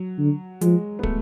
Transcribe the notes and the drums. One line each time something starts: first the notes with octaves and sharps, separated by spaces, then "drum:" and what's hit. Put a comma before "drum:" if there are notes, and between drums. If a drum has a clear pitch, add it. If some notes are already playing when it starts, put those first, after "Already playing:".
Already playing: F#3
D3
F3 G#3, drum: hi-hat
B3
A3, drum: kick